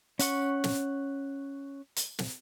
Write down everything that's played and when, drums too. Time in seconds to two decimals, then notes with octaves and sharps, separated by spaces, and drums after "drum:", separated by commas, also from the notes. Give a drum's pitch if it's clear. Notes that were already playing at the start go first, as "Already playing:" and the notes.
0.19 C#4 F#5 C#6, drum: hi-hat
0.64 drum: snare
1.96 drum: hi-hat
2.19 drum: snare